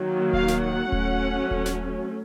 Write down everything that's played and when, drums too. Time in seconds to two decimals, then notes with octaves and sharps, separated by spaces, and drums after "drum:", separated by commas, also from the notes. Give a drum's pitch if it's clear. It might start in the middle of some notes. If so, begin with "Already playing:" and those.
Already playing: D#3 F#3 A#3
0.33 F5, drum: kick D#1
0.48 drum: snare
0.63 F#5
0.92 F#3 A3 C#4, drum: kick D#1
1.51 drum: kick D#1
1.66 drum: snare